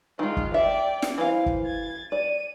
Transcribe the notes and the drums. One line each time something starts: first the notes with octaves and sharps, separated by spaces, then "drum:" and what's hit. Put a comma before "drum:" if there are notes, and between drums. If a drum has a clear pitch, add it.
D#3 G#3 F4
drum: kick
D5 E5 G5
drum: snare
E3 C5 F5
drum: kick
G#6 A6
D5 D#7